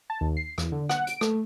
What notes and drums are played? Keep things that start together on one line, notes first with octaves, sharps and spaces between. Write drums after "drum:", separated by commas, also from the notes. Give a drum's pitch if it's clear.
A5
D#2
C7
E2, drum: rim click
D3
F#5, drum: rim click
D7, drum: hi-hat
A3, drum: rim click